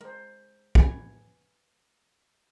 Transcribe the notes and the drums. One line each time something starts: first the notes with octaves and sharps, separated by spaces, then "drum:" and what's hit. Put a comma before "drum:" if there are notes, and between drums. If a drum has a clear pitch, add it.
G#3 A#4 C5
B4 G#5, drum: kick